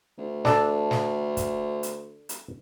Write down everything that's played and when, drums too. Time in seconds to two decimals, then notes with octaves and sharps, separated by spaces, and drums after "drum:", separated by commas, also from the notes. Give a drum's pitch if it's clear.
0.17 D2
0.45 D4 A4, drum: snare
0.91 drum: snare
1.37 drum: kick, hi-hat
1.83 drum: hi-hat
2.29 drum: hi-hat